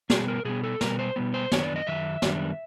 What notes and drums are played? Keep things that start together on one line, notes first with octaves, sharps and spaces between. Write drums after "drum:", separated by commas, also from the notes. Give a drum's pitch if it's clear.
B2 G3 B3 G#4, drum: snare
A#4
B2 G3 B3 G#4
A4
B2 G3 B3 A#4, drum: snare
C5
B2 G3 B3
C5
F#2 D#3 B3 D4 C#5, drum: snare
D5
D#5
F#2 D#3 E5
F#2 D#3 G3 B3 D4, drum: snare